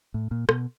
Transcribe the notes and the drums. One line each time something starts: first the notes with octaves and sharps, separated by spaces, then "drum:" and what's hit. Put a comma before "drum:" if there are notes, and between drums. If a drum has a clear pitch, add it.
A2
A#2
B2, drum: rim click